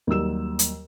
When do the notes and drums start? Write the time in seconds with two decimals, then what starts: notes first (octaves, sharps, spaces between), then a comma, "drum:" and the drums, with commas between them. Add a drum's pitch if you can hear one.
0.07 D#2 F#3 G3 E6 E7
0.59 drum: hi-hat